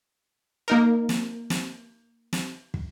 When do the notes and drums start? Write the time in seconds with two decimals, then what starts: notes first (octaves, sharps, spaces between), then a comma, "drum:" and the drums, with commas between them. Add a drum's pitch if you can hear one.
0.68 A#3 D#4 A#4
1.09 drum: snare
1.50 drum: snare
2.33 drum: snare
2.74 drum: kick